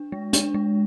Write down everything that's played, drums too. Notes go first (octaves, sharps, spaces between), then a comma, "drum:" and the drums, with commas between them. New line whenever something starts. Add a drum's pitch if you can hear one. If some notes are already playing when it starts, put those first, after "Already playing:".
Already playing: D4
G#3
D4, drum: hi-hat
G#3